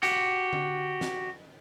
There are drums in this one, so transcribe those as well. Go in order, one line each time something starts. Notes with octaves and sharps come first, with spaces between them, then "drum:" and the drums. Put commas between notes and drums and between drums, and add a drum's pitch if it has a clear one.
F#4 G4, drum: hi-hat
drum: tom D3
drum: snare